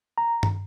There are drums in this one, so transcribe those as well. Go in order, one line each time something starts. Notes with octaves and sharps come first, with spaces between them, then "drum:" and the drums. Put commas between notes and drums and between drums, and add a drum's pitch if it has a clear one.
A#5
drum: tom G2